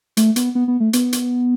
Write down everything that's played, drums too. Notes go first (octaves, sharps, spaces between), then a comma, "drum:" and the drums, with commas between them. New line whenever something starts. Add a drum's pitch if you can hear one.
A3, drum: hi-hat
B3, drum: hi-hat
B3
B3
A3
B3, drum: hi-hat
drum: hi-hat